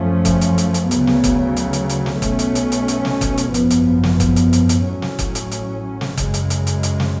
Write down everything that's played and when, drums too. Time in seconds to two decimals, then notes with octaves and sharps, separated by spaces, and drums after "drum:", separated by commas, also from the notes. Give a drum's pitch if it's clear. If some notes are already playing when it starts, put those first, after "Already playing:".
Already playing: F#2 F3 A3 C#4
0.25 drum: kick F#1, hi-hat
0.41 drum: hi-hat
0.58 drum: hi-hat
0.74 drum: hi-hat
0.91 D2 C#3 F#3 B3, drum: hi-hat
1.07 drum: snare
1.24 drum: kick F#1, hi-hat
1.57 drum: hi-hat
1.73 drum: hi-hat
1.90 drum: hi-hat
2.06 drum: snare
2.22 B1 B2 A3 C#4, drum: kick F#1, hi-hat
2.39 drum: hi-hat
2.55 drum: hi-hat
2.72 drum: hi-hat
2.88 drum: hi-hat
3.05 drum: snare
3.21 drum: kick F#1, hi-hat
3.38 drum: hi-hat
3.54 G#1 F#2 F3 B3, drum: hi-hat
3.71 drum: hi-hat
4.03 drum: snare
4.20 drum: kick F#1, hi-hat
4.36 drum: hi-hat
4.53 drum: hi-hat
4.69 drum: hi-hat
4.85 A1 A2 F#3 C#4
5.02 drum: snare
5.19 drum: kick F#1, hi-hat
5.35 drum: hi-hat
5.52 drum: hi-hat
6.01 drum: snare
6.18 F#2 C#3 G#3, drum: kick F#1, hi-hat
6.34 drum: hi-hat
6.50 drum: hi-hat
6.67 drum: hi-hat
6.83 drum: hi-hat
7.00 drum: snare